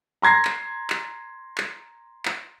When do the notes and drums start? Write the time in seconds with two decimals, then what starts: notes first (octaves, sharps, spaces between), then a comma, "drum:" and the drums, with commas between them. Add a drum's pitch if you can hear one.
0.22 A#5 C6 G#6 A#6 C7
0.45 drum: clap
0.90 drum: clap
1.58 drum: clap
2.25 drum: clap